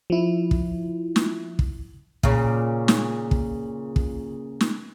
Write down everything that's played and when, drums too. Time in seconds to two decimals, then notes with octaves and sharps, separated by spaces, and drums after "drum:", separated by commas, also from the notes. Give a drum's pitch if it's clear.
0.10 F3 E4
0.51 drum: kick
1.16 drum: snare
1.59 drum: kick
2.23 A#2 C#3, drum: kick
2.88 drum: snare
3.31 drum: kick
3.96 drum: kick
4.61 drum: snare